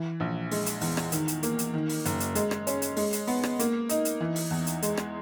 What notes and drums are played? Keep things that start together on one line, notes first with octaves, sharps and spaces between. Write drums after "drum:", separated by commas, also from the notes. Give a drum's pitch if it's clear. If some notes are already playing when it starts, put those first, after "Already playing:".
Already playing: E3
A#1
G#3, drum: open hi-hat
drum: hi-hat
E2, drum: open hi-hat
drum: rim click
D#3, drum: hi-hat
drum: hi-hat
A#3, drum: hi-hat
drum: hi-hat
D#3
drum: open hi-hat
F#1, drum: hi-hat
drum: hi-hat
G#3, drum: hi-hat
drum: rim click
C#4, drum: hi-hat
drum: hi-hat
G#3, drum: open hi-hat
drum: hi-hat
B3, drum: open hi-hat
drum: rim click
A#3, drum: hi-hat
D#4, drum: hi-hat
drum: hi-hat
E3
drum: open hi-hat
E2
drum: hi-hat
G#3, drum: hi-hat
drum: rim click